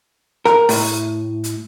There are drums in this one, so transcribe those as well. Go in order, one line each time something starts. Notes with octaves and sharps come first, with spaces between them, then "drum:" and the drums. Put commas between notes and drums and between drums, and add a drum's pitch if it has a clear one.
A#4, drum: rim click
A2, drum: open hi-hat
drum: hi-hat